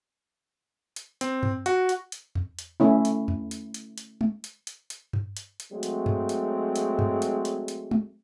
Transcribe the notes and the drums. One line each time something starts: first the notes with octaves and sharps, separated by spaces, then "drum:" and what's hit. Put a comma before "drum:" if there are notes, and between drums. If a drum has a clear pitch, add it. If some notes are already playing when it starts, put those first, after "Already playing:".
drum: hi-hat
C4, drum: hi-hat
drum: tom G2
F#4, drum: hi-hat
drum: hi-hat
drum: hi-hat
drum: tom E2
drum: hi-hat
A3 C#4 E4
drum: hi-hat
drum: tom E2
drum: hi-hat
drum: hi-hat
drum: hi-hat
drum: tom G#3
drum: hi-hat
drum: hi-hat
drum: hi-hat
drum: tom G2
drum: hi-hat
drum: hi-hat
F#3 G#3 A3 C4
drum: hi-hat
drum: tom G2
drum: hi-hat
drum: hi-hat
drum: tom G2
drum: hi-hat
drum: hi-hat
drum: hi-hat
drum: tom G#3